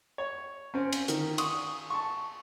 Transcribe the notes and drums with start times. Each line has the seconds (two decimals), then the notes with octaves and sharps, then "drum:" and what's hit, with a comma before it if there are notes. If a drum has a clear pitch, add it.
0.18 C#5
0.74 C4 C#4
0.93 drum: cymbal
1.08 D#3, drum: hi-hat
1.38 C#6 D#6, drum: cymbal
1.90 A5 C#6